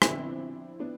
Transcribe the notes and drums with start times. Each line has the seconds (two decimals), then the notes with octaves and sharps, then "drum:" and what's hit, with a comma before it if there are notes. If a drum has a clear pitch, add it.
0.02 F3 B3 C4 D4 E4, drum: rim click
0.79 B3 D4